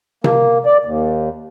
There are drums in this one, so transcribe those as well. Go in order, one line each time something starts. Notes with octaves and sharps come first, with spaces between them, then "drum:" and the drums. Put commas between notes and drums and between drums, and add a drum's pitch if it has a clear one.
A#3, drum: tom C3
D5
D#2